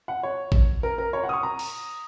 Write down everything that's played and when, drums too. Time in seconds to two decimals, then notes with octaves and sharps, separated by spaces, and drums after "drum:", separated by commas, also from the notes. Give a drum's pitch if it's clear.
0.08 F#5
0.23 C#5
0.52 drum: kick A1
0.83 A#4
0.98 A#4
1.13 C#5
1.24 F#5
1.29 D#6
1.33 C#6
1.43 A#5
1.59 drum: cymbal